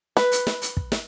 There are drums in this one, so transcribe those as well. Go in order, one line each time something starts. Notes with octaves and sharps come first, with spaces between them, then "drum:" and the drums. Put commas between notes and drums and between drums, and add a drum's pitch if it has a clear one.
B4, drum: snare
drum: hi-hat
drum: snare
drum: hi-hat
drum: kick
drum: snare